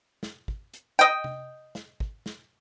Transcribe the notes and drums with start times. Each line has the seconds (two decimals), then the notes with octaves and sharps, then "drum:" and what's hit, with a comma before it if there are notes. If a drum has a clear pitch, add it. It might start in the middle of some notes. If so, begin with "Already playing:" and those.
0.23 drum: snare
0.48 drum: kick
0.73 drum: hi-hat
0.99 D#5 G5
1.24 drum: tom C3
1.75 drum: snare
2.00 drum: kick
2.26 drum: snare